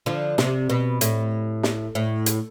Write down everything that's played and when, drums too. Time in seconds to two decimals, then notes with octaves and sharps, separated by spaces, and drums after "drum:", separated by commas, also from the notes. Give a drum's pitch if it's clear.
0.06 D3 F3
0.38 C3, drum: snare
0.70 B2
1.01 A2, drum: hi-hat
1.63 drum: snare
1.95 A2
2.26 drum: hi-hat